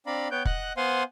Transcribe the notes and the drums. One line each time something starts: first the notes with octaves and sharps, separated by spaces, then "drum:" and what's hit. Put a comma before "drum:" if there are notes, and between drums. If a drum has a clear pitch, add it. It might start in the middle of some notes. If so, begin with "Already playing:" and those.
C4 D4 D5 F5 A#5 B5
B3 B4 C#5 G5 G6
D#5 F#5 F#6, drum: kick
B3 C5 F5 F#5 G#5 C6